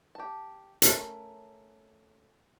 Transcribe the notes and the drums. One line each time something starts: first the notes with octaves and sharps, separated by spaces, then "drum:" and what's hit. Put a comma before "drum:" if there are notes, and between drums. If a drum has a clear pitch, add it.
G4 A5
A3 C#4 A#4, drum: hi-hat